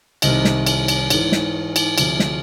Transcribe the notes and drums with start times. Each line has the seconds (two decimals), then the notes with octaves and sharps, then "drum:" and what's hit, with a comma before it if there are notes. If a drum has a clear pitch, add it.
0.22 C2 C3 D#3 D#5, drum: cymbal
0.45 drum: snare
0.67 drum: cymbal
0.88 drum: cymbal
1.10 G#2 E3, drum: cymbal
1.32 drum: snare
1.76 drum: cymbal
1.98 D2 C3 F3, drum: cymbal
2.19 drum: snare